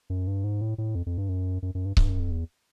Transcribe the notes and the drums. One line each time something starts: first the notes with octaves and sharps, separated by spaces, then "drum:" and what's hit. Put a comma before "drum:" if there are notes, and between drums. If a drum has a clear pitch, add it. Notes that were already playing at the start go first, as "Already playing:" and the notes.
F#2
G2
G#2
A2
A2
F2
F2
G2
F#2
F#2
F#2
G2
G2, drum: kick C#1
F#2
F2
E2